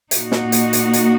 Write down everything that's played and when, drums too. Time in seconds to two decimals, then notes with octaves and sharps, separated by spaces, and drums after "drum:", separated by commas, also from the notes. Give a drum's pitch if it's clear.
0.11 A#2 A#3 D#4 F#4, drum: hi-hat
0.32 drum: snare
0.52 drum: hi-hat
0.73 drum: hi-hat
0.93 drum: hi-hat